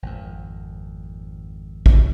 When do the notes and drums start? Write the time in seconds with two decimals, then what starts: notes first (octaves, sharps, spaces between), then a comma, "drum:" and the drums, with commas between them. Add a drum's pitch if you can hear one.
0.03 G#1 F2
1.86 drum: kick